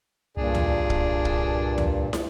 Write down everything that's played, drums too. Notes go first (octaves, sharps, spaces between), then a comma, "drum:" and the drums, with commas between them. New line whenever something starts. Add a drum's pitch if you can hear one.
C2 G2 A#2 D4 G#4
drum: tom D2
drum: kick
drum: kick
drum: tom D2
drum: snare